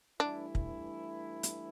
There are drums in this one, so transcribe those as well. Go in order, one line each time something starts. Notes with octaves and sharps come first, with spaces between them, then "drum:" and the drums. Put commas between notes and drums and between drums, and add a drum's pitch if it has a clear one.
G2 E3 A3 D4 E4
drum: kick
drum: hi-hat